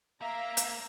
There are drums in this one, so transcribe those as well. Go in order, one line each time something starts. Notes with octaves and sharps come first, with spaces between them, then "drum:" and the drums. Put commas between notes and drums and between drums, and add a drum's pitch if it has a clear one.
A#3 E5 F5 A#5
drum: hi-hat